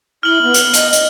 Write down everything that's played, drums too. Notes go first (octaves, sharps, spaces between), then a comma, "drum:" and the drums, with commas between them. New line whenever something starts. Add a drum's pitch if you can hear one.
E4 F6 F#7
B3
drum: hi-hat
D#5, drum: hi-hat
drum: hi-hat